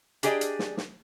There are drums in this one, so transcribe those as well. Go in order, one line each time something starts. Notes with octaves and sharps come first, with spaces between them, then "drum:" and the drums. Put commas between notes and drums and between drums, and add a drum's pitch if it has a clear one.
D4 G4 G#4 D5 D#5, drum: hi-hat
drum: hi-hat
drum: snare
drum: snare